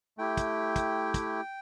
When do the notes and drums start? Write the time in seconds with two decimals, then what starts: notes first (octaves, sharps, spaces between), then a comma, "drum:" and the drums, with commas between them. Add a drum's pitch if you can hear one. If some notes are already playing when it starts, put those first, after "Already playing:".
0.18 A3 E4 G4 G5
0.37 drum: kick, hi-hat
0.76 drum: kick, hi-hat
1.14 drum: kick, hi-hat